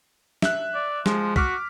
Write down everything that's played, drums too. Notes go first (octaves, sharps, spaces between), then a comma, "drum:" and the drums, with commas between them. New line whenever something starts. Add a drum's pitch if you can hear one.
E5 F#6, drum: snare
D5
F3 G#3, drum: snare
F#4 D6 F6 B6, drum: kick